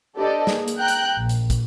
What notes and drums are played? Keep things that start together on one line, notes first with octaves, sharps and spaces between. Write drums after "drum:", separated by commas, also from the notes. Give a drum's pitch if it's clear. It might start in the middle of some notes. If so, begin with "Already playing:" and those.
D4 G4 A4 B4 D5 D#5
A#3 G#4, drum: snare
drum: hi-hat
G5 A#5 F#6 G6
drum: hi-hat
A#1
drum: hi-hat
drum: kick, hi-hat